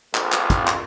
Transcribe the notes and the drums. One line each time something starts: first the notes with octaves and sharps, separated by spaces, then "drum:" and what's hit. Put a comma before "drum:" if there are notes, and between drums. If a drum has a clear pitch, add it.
A#1 F2, drum: clap
drum: clap
drum: kick, hi-hat
drum: clap